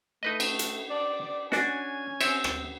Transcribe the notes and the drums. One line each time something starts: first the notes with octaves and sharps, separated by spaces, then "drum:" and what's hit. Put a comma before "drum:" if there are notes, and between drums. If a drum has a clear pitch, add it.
A3 D#4 B4 D#5
drum: cymbal
drum: hi-hat
D5
C#4 D4 F#4 G#5, drum: snare
C4 C#5 E5, drum: cymbal
drum: rim click